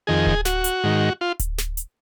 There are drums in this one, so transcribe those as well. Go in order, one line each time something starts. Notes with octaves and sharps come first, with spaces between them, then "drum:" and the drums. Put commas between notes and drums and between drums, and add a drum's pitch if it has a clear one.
F2 D#3 G#4
drum: kick D1
F#4, drum: snare
drum: hi-hat
G#2 D#3
F4
drum: kick D1, hi-hat
drum: snare
drum: hi-hat